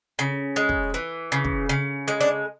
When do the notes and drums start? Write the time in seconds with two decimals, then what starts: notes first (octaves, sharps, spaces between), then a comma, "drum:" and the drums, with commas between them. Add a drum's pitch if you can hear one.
0.19 C#3
0.56 G#3
0.69 drum: kick
0.94 E3
1.32 C#3
1.45 drum: kick
1.69 C#3
2.08 G#3
2.21 D4